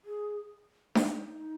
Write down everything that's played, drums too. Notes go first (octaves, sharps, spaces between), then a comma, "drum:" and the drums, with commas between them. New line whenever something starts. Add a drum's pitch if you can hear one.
G#4
D#4, drum: snare D4